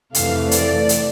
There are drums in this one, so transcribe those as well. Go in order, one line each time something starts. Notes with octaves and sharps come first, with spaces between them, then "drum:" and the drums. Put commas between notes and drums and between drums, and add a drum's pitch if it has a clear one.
F2 C3 E3 A3 F5, drum: hi-hat
D5, drum: hi-hat
drum: hi-hat